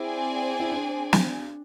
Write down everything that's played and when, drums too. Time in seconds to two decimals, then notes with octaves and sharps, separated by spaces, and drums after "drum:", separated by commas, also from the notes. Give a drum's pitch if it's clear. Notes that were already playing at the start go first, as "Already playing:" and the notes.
Already playing: C4 E4 G#4 D5 G#5
0.60 E4
0.72 D4
1.13 drum: snare